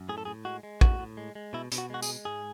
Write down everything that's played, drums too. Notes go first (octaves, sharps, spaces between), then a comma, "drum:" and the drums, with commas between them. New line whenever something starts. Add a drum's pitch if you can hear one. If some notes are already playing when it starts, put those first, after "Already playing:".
Already playing: F#2
A2 G#4
A4
A2 G#4
G#3 F#4
G#3
A2 F#4, drum: kick
A2
G#3
G#3
B2 E4
B2, drum: hi-hat
F#4
G#3 F#4
G#4, drum: tambourine
G#3
G#2 G#4